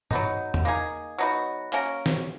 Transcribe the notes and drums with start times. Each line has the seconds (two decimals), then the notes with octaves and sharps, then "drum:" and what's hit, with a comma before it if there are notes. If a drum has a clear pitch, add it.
0.11 F#3 B3 D#4, drum: tom
0.54 drum: tom
0.65 A#3 D#4 G#4
1.18 F#3 B3 D#4 F#4
1.72 A#3 C#4 F#4 A#4, drum: hi-hat
2.06 drum: snare